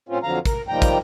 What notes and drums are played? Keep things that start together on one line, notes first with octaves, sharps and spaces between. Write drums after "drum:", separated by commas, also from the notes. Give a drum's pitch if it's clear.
A2 C4 C#4 F4
F2 D3 F3 F#3 F5 A#5
A#4, drum: kick, hi-hat
D#3 F3 G3 A#3 G5 A#5
drum: kick, hi-hat